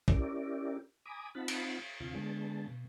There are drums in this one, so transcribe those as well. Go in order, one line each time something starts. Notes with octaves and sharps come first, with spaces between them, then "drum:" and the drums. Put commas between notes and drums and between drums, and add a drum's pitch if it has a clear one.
C#4 E4 G4 A#4 D5, drum: kick
G#5 A#5 B5 D6 D#6
C4 D#4 F4 F#5 A5 B5
drum: cymbal
D2 C3 F4
D3 G#3 B3 A5
B2